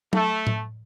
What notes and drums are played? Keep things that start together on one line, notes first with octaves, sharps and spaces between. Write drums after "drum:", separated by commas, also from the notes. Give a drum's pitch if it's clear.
A3, drum: tom
drum: tom A2